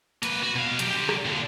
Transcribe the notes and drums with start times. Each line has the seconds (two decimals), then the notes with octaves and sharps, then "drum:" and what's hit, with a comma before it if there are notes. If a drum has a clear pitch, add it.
0.23 A#3 B4, drum: hi-hat
0.43 F#4
0.55 B2 F5
0.79 F#3 G4, drum: hi-hat
0.91 D3 G4
1.09 drum: rim click
1.25 A#2 D3